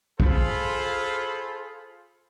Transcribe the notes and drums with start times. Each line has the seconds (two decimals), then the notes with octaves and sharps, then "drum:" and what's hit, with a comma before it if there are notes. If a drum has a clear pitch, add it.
0.20 F4 G#4 A4 C5 B5, drum: kick